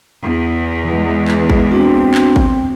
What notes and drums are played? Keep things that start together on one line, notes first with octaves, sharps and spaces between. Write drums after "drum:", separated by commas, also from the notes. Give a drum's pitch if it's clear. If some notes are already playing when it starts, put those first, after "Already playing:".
E2
E3 G#3
drum: clap
drum: kick
C4 D4 F#4
drum: clap
drum: kick